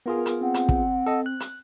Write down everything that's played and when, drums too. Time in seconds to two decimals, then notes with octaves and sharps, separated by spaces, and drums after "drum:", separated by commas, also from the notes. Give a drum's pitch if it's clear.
0.06 B3 F4 G#4 A#4
0.26 drum: hi-hat
0.41 C4 F#5
0.54 drum: hi-hat
0.69 drum: kick
1.06 A4 D#5
1.26 F#6
1.40 drum: hi-hat